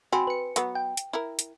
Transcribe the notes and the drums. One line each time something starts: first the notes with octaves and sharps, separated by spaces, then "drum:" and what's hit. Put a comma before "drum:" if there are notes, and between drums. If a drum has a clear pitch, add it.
C4 F#4 G#5 B5
B4 C#7
F#3 B3, drum: hi-hat
G5
drum: hi-hat
E4 A#4
drum: hi-hat